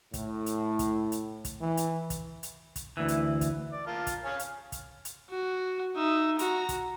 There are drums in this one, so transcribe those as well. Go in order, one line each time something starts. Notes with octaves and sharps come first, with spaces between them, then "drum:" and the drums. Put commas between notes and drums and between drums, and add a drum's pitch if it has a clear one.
A2, drum: kick, hi-hat
drum: hi-hat
drum: kick, hi-hat
drum: hi-hat
drum: kick, hi-hat
E3
drum: hi-hat
drum: kick, hi-hat
drum: hi-hat
drum: kick, hi-hat
D2 E3
drum: hi-hat
drum: kick, hi-hat
D5
F4 A#4 A5
drum: kick, hi-hat
C#5 F5 G#5
drum: hi-hat
drum: kick, hi-hat
drum: hi-hat
F#4
D#4 E5
F#4 A#5, drum: hi-hat
drum: kick, hi-hat